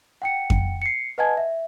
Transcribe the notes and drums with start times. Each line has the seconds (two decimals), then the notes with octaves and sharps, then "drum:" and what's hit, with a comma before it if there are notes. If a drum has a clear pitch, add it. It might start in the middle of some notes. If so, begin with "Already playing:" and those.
0.22 F#5 G5 C#7
0.50 drum: kick F2
0.82 C7 C#7
1.18 B4 D#5 F#5 G#5 A5 G#6
1.37 E5